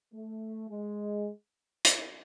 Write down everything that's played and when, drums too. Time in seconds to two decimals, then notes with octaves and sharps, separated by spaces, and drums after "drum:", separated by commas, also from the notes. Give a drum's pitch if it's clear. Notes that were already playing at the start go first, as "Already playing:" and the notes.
0.14 A3
0.70 G#3
1.85 drum: hi-hat